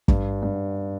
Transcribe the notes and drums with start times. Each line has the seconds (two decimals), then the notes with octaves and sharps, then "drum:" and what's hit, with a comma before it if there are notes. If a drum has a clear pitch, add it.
0.08 G2, drum: kick
0.42 G2